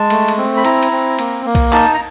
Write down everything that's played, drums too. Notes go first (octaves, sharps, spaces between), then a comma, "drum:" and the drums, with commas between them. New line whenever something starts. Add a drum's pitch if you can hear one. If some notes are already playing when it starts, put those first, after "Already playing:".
Already playing: G#3 A5
A3, drum: cymbal
drum: cymbal
C4
B5
E4 A#5, drum: cymbal
drum: cymbal
C4
A#3, drum: cymbal
A#3
drum: kick, cymbal
D#4 A5, drum: clap
A#5